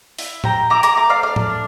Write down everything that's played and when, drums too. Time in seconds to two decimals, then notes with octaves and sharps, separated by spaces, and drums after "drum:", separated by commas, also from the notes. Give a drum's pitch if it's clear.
0.19 E4, drum: open hi-hat
0.44 G4 G5 A#5, drum: tom A2
0.70 E4 A#5 D6
0.83 A#5 D6, drum: hi-hat
0.96 A3 A#5 D6
1.10 D5 F5
1.23 D4 D5 F5
1.36 drum: tom A2
1.50 D4